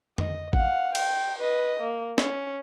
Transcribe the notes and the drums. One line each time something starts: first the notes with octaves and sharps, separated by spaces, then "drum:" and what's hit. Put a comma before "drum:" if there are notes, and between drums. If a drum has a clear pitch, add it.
D#5, drum: tom
F5 F#5, drum: kick A1
G5, drum: cymbal
B4 D#5
A#3
C#4, drum: snare